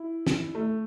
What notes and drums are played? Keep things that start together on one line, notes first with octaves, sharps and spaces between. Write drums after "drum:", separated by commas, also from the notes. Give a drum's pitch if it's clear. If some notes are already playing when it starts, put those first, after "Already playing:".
Already playing: E4
drum: snare
A3